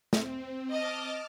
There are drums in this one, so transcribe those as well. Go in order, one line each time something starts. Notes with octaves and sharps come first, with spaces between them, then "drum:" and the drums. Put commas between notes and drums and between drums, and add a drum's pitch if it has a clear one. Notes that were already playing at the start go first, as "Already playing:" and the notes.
C4, drum: snare
D#5 A5 D6 F6